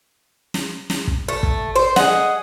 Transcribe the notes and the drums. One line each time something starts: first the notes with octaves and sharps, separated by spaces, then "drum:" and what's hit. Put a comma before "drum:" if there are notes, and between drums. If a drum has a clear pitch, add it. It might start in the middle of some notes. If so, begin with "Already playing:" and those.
drum: snare
drum: snare
drum: kick
A3
drum: kick
C5
G#4 D#5 F#5, drum: snare